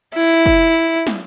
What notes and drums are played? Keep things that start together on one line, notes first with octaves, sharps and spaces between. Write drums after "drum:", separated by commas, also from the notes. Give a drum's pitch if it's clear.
E4
drum: kick
drum: snare